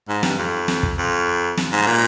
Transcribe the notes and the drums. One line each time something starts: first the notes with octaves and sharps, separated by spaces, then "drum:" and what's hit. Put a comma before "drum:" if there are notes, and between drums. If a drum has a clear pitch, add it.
G#2
G2, drum: snare
F2
drum: snare
drum: kick
F2
drum: snare
G#2
A#2